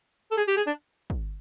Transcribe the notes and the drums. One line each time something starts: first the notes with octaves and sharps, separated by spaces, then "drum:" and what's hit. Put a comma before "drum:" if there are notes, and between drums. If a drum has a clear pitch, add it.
A4
G#4
G4
G#4
D4
drum: kick